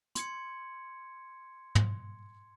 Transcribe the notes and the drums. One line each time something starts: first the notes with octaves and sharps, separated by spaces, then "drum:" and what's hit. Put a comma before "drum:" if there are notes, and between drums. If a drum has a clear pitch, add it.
C6 G#6 C#7, drum: hi-hat
drum: tom